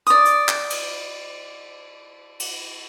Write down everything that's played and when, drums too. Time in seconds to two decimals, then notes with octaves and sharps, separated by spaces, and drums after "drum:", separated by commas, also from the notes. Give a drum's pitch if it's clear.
0.07 D5 D#6, drum: hi-hat
0.25 drum: hi-hat
0.49 drum: clap
0.70 drum: cymbal
2.40 drum: cymbal